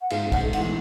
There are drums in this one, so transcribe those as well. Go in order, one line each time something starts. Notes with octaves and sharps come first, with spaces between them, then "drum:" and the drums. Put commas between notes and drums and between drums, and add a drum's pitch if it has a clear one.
F#5
G#2 F5, drum: cymbal
G#2
F#5, drum: kick, cymbal
A3
F#5, drum: cymbal
E3